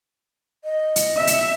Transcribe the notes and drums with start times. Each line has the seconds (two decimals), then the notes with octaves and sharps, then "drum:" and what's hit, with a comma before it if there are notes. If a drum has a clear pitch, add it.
0.64 D#5
0.96 drum: hi-hat
1.17 E5
1.27 drum: hi-hat